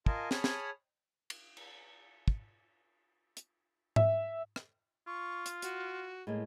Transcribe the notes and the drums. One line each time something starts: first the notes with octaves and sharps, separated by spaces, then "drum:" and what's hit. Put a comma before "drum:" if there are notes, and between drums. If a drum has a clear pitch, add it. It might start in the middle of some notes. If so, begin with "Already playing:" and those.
F4 A#4 D#5 G#5 A5, drum: kick
G#4 C#5 A5 B5 D#6 F6, drum: snare
drum: snare
drum: cymbal
drum: cymbal
drum: kick
drum: hi-hat
E5, drum: tom G#2
drum: rim click
F4 C#6
drum: hi-hat
F#4, drum: hi-hat
A2 G#3 A#3